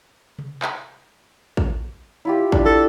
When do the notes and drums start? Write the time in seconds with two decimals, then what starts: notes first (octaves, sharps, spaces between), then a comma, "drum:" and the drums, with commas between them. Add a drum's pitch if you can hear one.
0.39 drum: tom C3
0.62 drum: clap
1.57 drum: kick
2.25 E4 F4 G4
2.52 D4, drum: kick
2.66 A4